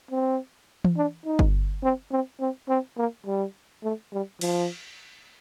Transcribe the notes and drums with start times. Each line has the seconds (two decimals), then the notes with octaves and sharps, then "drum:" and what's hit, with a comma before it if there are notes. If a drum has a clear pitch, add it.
0.11 C4
0.84 drum: tom E3
0.97 D4
1.25 D#4
1.39 drum: kick G1
1.83 C4
2.12 C4
2.41 C4
2.69 C4
2.97 A#3
3.27 G3
3.84 A3
4.13 G3
4.41 F3, drum: cymbal